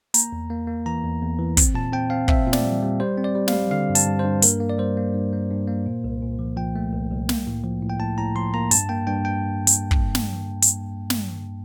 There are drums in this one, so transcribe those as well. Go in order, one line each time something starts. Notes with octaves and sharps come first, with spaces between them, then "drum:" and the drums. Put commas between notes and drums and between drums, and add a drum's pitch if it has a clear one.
A#3 A#5, drum: hi-hat
E2
A#3
A#3
E3 A#5
E2
E2
E3
C4, drum: kick, hi-hat
A#2 A5
C4 G5
C4 F5
C4 E5, drum: kick
A#2
D5, drum: snare
G3
G3
G3 C5
C4
D5
G3
F5, drum: snare
G3
D3 F5
G2
A5, drum: hi-hat
G2
C5
G2
A#3 A#4, drum: hi-hat
A#3
D5
G3 C5
A#3
G2
A#3
G2
A#3
A#2
C2
A#2
F3
F3 G5
A3
C2
C2
A#3, drum: snare
A2
F3
A2
G5
A2 A5
A2 A#5
F3 C6
A#3 A#5
G2 A5, drum: hi-hat
A#3 G5
G2 G5
G5
drum: hi-hat
drum: kick
drum: snare
drum: hi-hat
drum: snare